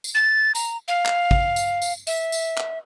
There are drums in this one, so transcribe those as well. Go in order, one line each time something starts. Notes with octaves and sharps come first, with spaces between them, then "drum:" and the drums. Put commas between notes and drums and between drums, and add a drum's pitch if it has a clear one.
drum: tambourine
A6
A#5, drum: tambourine
F5
drum: clap
drum: kick
drum: tambourine
drum: tambourine
E5, drum: tambourine
drum: tambourine
drum: clap